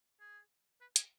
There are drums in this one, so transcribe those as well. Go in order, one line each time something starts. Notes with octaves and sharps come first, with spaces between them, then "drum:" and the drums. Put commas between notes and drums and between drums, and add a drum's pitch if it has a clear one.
G#4
B4
G#4, drum: hi-hat